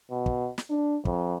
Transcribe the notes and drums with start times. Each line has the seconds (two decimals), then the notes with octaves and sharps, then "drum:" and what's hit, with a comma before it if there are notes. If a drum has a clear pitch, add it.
0.11 B2
0.26 drum: kick
0.58 drum: snare
0.70 D4
1.05 F2, drum: kick